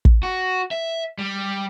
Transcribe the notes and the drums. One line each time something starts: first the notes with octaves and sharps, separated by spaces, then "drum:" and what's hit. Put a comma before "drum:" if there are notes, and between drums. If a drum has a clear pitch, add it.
drum: kick
F#4
E5
G3